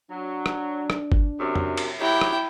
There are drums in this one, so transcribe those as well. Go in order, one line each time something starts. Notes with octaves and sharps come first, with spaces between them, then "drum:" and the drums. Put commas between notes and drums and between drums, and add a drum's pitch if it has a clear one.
F#3 D4
drum: rim click
drum: rim click
drum: kick G1
F#2 C3
drum: tom F2
drum: cymbal
F#3 E4 G4 G5
drum: rim click